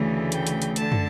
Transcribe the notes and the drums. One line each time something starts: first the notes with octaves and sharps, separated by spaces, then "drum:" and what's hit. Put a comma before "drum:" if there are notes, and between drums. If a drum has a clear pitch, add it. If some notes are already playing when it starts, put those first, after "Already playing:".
Already playing: D2 C#3 E3 A3
G5, drum: hi-hat
drum: hi-hat
drum: hi-hat
D3 A3 A5, drum: hi-hat
drum: tom